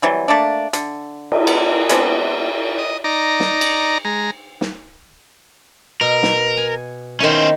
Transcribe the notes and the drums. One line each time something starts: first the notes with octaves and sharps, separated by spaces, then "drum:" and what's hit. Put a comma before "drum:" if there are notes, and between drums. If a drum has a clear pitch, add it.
C3 E3 F#3 G3
A3 A#3 D4
D3, drum: hi-hat
drum: cymbal
B3, drum: cymbal
G#3 B3 C4 D4, drum: hi-hat
D#5
D#4 D5 A#5
drum: snare
drum: cymbal
G#3 A#5
drum: snare
B2 A#4
drum: snare
G#5
D#3 A#3 C#4 E4 C5